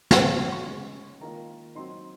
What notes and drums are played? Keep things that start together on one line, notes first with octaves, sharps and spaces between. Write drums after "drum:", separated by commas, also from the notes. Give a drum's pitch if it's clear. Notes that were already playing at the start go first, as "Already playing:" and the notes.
A#2 F3 G#3 C4 D#4 C6, drum: snare
C6
C#6
C#6
C#3 G#3 C#4
D#3 A#3 F4 A#5
F#3 C4 D#4 C6